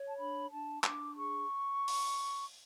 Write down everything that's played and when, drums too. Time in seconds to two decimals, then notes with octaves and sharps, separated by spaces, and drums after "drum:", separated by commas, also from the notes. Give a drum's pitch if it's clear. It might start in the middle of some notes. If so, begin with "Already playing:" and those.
Already playing: C#5
0.08 A5
0.18 D4 B5
0.51 D4 A5
0.84 D4 D6, drum: clap
1.17 G#4 C#6
1.88 drum: open hi-hat